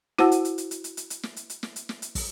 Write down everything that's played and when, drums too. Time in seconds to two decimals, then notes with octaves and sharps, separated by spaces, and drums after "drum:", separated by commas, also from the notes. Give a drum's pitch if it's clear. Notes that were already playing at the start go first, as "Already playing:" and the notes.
0.18 E4 F#4 C5 F#5 A5 E6, drum: snare
0.32 drum: hi-hat
0.45 drum: hi-hat
0.58 drum: hi-hat
0.71 drum: hi-hat
0.84 drum: hi-hat
0.97 drum: hi-hat
1.10 drum: hi-hat
1.23 drum: snare
1.36 drum: hi-hat
1.50 drum: hi-hat
1.63 drum: snare
1.76 drum: hi-hat
1.89 drum: snare
2.02 drum: hi-hat
2.15 drum: kick, open hi-hat